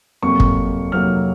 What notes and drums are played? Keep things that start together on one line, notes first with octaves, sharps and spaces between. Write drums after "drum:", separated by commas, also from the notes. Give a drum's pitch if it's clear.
F2 C3 F#3 A#3 C#6
drum: kick
F2 C3 F#3 A#3 F6